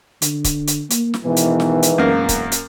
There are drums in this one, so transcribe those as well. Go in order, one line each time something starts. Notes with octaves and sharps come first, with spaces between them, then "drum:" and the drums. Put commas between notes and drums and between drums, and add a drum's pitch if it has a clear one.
D3, drum: hi-hat
drum: kick, hi-hat
drum: hi-hat
A#3, drum: hi-hat
drum: snare
G#2 B2 D#3 E3
drum: hi-hat
drum: snare
drum: hi-hat
E1 F#2 A#3
drum: kick, hi-hat
drum: hi-hat